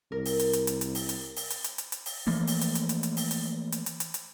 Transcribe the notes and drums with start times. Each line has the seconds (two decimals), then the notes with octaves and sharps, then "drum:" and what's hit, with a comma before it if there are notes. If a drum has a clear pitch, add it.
0.12 C2 A#4
0.26 drum: open hi-hat
0.39 drum: hi-hat
0.53 drum: hi-hat
0.67 drum: hi-hat
0.81 drum: hi-hat
0.95 drum: open hi-hat
1.09 drum: hi-hat
1.37 drum: open hi-hat
1.50 drum: hi-hat
1.64 drum: hi-hat
1.78 drum: hi-hat
1.92 drum: hi-hat
2.06 drum: open hi-hat
2.27 E3 F3 A3 A#3
2.48 drum: open hi-hat
2.61 drum: hi-hat
2.75 drum: hi-hat
2.89 drum: hi-hat
3.03 drum: hi-hat
3.17 drum: open hi-hat
3.31 drum: hi-hat
3.72 drum: hi-hat
3.86 drum: hi-hat
4.00 drum: hi-hat
4.14 drum: hi-hat